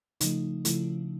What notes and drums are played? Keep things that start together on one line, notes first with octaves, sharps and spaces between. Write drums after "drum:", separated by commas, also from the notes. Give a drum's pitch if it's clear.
C#3 F3 A3 D#4, drum: hi-hat
C#3 F3 A3 E4, drum: hi-hat